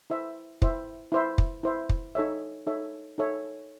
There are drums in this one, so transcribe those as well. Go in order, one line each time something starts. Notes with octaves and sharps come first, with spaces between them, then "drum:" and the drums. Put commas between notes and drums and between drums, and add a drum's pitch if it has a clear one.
E4 C5 E5
E4 C5 E5, drum: kick
E4 C5 E5
drum: kick
E4 C5 E5
drum: kick
D#4 A4 C#5 E5
D#4 A4 C#5 E5
D#4 A4 C#5 E5